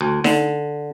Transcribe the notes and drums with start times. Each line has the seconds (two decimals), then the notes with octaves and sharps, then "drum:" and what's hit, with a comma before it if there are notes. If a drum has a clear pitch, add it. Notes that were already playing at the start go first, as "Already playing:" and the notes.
0.01 D2
0.24 D3, drum: snare D#4